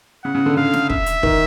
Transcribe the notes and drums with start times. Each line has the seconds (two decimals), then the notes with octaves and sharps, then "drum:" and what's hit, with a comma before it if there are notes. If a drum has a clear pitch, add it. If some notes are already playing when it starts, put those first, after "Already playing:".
0.24 C#3 F#5
0.35 C#3
0.46 D3
0.57 D3 F5
0.73 drum: snare
0.90 E5, drum: kick
1.06 drum: hi-hat
1.23 D#3, drum: kick